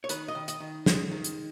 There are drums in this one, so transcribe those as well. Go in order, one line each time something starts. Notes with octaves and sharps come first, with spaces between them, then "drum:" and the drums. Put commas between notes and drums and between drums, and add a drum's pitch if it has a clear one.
C#5
D#3 B4, drum: hi-hat
D#5
D#3
D#5, drum: hi-hat
D#3
G#3, drum: snare
D#3
drum: hi-hat